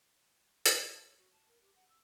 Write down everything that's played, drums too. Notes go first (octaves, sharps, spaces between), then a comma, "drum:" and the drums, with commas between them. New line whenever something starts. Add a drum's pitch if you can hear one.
drum: hi-hat
C#5
F#4
A5
A#4
G4
F#5
E6